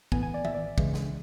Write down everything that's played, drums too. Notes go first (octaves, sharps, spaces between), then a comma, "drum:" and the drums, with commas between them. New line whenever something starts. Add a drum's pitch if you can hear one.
A2 E3 B3 G#5, drum: kick
G#5
D5
E5, drum: tom D#3
D5
C#3 E3 G#3, drum: kick
drum: snare